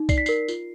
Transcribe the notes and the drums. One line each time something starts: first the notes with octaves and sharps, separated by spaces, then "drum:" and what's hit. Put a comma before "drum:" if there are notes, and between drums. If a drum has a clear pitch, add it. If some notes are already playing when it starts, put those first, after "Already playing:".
Already playing: D#4
D5 C7, drum: kick B1, tambourine
B6
A#4 C7, drum: tambourine
F4, drum: tambourine